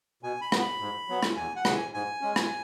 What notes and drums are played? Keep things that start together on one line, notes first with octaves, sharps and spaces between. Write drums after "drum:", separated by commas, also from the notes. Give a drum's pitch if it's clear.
B2 G#5
B5
B3, drum: rim click
B5
G#2
F#3 B3
drum: rim click
E2 G#5
F#5
C#3 E3, drum: rim click
G#5
G#2 G#5
G#3 C#4
drum: rim click